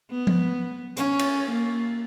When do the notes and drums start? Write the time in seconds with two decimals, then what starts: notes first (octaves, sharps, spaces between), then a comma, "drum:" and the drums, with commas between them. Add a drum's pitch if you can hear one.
0.11 B3
0.27 drum: tom F3
0.97 C#4, drum: hi-hat
1.19 drum: cymbal
1.50 A#3